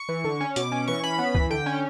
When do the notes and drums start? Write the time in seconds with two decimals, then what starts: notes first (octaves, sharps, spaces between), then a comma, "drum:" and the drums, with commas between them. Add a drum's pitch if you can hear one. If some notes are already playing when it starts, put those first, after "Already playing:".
Already playing: C#6
0.09 E3
0.24 D3
0.40 C#4
0.56 B2 D6, drum: hi-hat
0.72 C#4
0.88 E3 C#6
1.03 C#4 B5
1.19 B3
1.35 E3, drum: kick
1.50 D3 G5
1.66 C#4